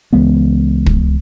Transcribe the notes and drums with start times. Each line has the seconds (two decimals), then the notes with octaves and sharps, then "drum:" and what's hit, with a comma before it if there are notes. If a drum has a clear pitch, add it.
0.13 C#2 E3 G#3 B3
0.86 drum: kick